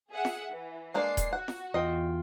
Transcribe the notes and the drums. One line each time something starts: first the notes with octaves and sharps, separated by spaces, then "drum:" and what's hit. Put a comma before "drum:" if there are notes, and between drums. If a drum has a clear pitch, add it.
G#4 E5 F#5
drum: snare
E3
G#3 A#3 D4 C7
drum: kick D#1, hi-hat
F#4 F#5
drum: snare
E2 F4 D#5 G5